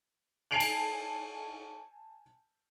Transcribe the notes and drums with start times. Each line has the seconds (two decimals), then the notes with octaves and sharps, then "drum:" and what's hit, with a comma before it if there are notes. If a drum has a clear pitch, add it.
0.51 G#5 A5 C7 D7 F7 F#7
0.60 drum: cymbal